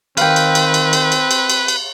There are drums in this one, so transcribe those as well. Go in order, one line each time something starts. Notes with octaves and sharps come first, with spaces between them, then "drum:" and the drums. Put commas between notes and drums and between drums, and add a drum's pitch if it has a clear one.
D#3 C4 B4 F5 G5, drum: cymbal
drum: cymbal
drum: cymbal
drum: cymbal
drum: cymbal
drum: cymbal
drum: cymbal
drum: cymbal
drum: cymbal